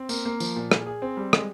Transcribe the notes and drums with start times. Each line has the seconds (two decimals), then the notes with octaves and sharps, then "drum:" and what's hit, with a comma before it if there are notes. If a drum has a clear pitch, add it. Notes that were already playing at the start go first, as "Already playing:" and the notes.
Already playing: C4
0.09 A#3, drum: tambourine
0.25 A#3
0.40 F3, drum: tambourine
0.56 A#2
0.71 G#4, drum: rim click
0.86 G#4
1.02 C4
1.17 G3
1.33 G#3, drum: rim click